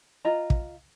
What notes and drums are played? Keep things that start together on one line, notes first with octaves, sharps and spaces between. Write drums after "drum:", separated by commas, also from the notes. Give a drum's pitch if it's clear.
F4 D#5 A#5
drum: kick